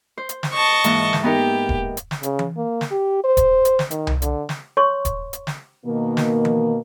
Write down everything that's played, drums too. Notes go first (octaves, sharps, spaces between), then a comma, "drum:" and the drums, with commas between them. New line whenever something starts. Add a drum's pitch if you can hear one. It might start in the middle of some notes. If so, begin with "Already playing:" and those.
C5
drum: hi-hat
drum: snare
D#5 A5 C#6
G#2 E3 A#3, drum: hi-hat
drum: snare
B3 D#4 G4 A#4
drum: kick D#1
drum: hi-hat
drum: snare
C#3, drum: hi-hat
drum: tom E3
A#3
drum: snare
G4
C5
drum: kick D#1, hi-hat
drum: hi-hat
drum: snare
D#3, drum: hi-hat
drum: tom C2
D3, drum: hi-hat
drum: snare
C#5 C6 C#6
drum: kick D#1, hi-hat
drum: hi-hat
drum: snare
B2 D#3 A#3
drum: snare
drum: tom E3